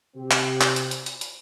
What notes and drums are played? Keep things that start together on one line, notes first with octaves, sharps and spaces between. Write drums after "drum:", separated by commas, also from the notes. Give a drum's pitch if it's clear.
C3 C4 G4
drum: clap
drum: clap
drum: hi-hat
drum: hi-hat
drum: hi-hat
drum: hi-hat